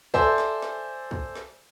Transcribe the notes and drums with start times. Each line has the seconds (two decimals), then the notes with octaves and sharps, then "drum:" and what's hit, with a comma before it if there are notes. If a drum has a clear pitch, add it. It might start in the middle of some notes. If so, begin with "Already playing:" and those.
0.14 A4 C5 D5 E5 G#5, drum: kick
0.38 drum: snare
0.62 drum: snare
1.11 drum: kick
1.35 drum: snare